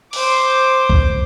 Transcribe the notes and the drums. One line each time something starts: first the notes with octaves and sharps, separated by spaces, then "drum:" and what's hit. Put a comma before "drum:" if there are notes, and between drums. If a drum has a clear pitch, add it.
C5 D6, drum: open hi-hat
drum: kick